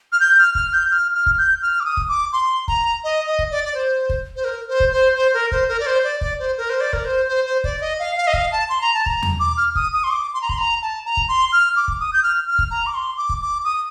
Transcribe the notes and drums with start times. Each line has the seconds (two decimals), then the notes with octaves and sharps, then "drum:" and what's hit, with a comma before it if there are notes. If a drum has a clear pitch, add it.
0.12 F6
0.20 G6
0.38 F6
0.55 F6, drum: kick
0.73 G6
0.91 F6
1.15 F6
1.26 drum: kick
1.38 G6
1.62 F6
1.80 D6
1.85 D#6
1.97 drum: kick
2.09 D6
2.33 C6
2.68 A#5, drum: kick
3.04 D#5
3.27 D#5
3.39 drum: kick
3.51 D5
3.64 D5
3.74 C5
4.09 drum: kick
4.36 C5
4.44 A#4
4.68 C5
4.80 drum: kick
4.92 C5
5.15 C5
5.34 A#4
5.52 C5, drum: kick
5.68 A#4
5.80 D5
5.86 C5
6.04 D5
6.21 D5, drum: kick
6.39 C5
6.58 A#4
6.70 C5
6.81 D5
6.93 A#4, drum: kick
7.05 C5
7.28 C5
7.45 C5
7.64 D5, drum: kick
7.81 D#5
7.99 F5
8.16 F5
8.27 D#5
8.34 F5, drum: kick
8.52 A5
8.69 C6
8.81 A#5
8.94 A5
9.06 A#5, drum: kick
9.23 drum: tom E2
9.40 D6
9.58 F6
9.75 D#6, drum: kick
9.93 D#6
10.04 C6
10.11 D6
10.34 C6
10.42 A#5
10.49 C6, drum: kick
10.58 A#5
10.82 A5
11.05 A#5
11.17 drum: kick
11.28 C6
11.52 F6
11.76 D6
11.88 drum: kick
12.00 D#6
12.13 G6
12.23 F6
12.47 F6
12.59 drum: kick
12.71 A#5
12.87 D6
12.94 C6
13.17 D6
13.29 drum: kick
13.42 D6
13.65 D#6